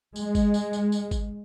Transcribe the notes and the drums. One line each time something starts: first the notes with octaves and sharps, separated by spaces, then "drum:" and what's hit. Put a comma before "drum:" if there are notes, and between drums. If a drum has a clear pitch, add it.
G#3, drum: tambourine
drum: kick G#1, tambourine
drum: tambourine
drum: tambourine
drum: tambourine
drum: kick G#1, tambourine